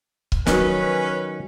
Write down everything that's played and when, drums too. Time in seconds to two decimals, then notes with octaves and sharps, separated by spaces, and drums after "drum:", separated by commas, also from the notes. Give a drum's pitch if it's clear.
0.32 drum: kick C#1
0.46 D#3 F#3 C#4 B4, drum: snare